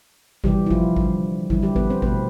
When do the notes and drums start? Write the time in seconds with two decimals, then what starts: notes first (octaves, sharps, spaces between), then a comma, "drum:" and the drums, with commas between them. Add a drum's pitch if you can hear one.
0.44 C3 E3 G3 G4, drum: kick G#1
0.66 E4
0.71 F3 F4, drum: kick G#1
0.96 D3 G3, drum: kick G#1
1.50 D3 E3 G3 E4, drum: kick G#1
1.63 G3 G4
1.76 B3 B4, drum: kick G#1
1.90 C4 C5
2.02 B2 A3 B3 B4, drum: kick G#1